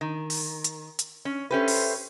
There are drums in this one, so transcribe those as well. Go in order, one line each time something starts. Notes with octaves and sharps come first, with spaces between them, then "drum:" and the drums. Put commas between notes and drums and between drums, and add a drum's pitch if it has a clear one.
D#3
drum: open hi-hat
drum: hi-hat
drum: hi-hat
C#4
C#4 G4 A4 B4 C5 E5
drum: open hi-hat